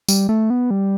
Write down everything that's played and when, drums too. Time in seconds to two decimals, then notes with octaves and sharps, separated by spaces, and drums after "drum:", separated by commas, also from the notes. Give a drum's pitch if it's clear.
0.08 G3, drum: tambourine
0.29 A3
0.50 B3
0.71 G3